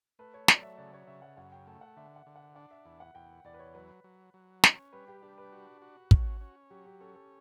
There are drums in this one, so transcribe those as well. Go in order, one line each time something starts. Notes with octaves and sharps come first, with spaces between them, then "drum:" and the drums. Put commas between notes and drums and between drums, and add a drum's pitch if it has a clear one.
A3 B4
C#5
F#3 D5, drum: snare
E5
C#3 D5
C#5
C#3 E5
F#5
F#2 F#5
G5
A3 G5
F#5
D3 E5
F#5
D3
F#5
D4 F#5
E5
E2 E5
F#5
E2 G5
E2 D5
B4
C#5
F#3 B4
F#3
F#3
C#4, drum: snare
G3 B4
G4
D4 G4
B4
F#4
F#4
C#4, drum: kick
C#4
F#3 G4
G4
C#4 A4
A4